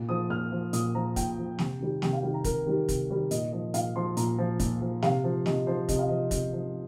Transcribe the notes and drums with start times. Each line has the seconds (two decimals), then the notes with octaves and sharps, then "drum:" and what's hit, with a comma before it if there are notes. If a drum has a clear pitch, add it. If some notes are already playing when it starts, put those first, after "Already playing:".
Already playing: A#2
0.09 F3 D#6
0.30 A#2 F6
0.52 F3
0.73 A#2 D#6, drum: hi-hat
0.95 F3 A#5
1.16 A#2 G5, drum: kick, hi-hat
1.38 F3
1.59 C3, drum: snare
1.80 D#3 G3
2.02 C3 G5, drum: snare
2.13 F5
2.23 D#3 G3 G5
2.34 A#5
2.44 C3 A#4, drum: kick, hi-hat
2.66 D#3 G3 G4
2.89 C3, drum: kick, hi-hat
3.10 D#3 G3
3.31 A#2 D#5, drum: hi-hat
3.52 F3 D#5
3.74 A#2 F5, drum: hi-hat
3.96 F3 C6
4.17 A#2 A#5, drum: hi-hat
4.38 F3
4.60 A#2, drum: kick, hi-hat
4.81 F3
5.02 C3 F5, drum: snare
5.24 F3
5.46 C3 D#5, drum: snare
5.67 F3 C5
5.89 C3 D#5, drum: kick, hi-hat
5.99 F5
6.09 F3 D#5
6.31 C3 D#5, drum: kick, hi-hat
6.53 F3 D#5